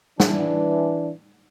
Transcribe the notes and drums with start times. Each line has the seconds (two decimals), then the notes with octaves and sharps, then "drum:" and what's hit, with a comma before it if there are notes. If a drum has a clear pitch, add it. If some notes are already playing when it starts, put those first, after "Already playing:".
0.20 E3 D4, drum: snare